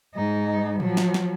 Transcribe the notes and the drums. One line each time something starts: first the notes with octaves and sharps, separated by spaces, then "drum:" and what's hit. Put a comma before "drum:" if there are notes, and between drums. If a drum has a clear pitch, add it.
G#2 D#4
F3 F#3, drum: tom A2
drum: snare
drum: snare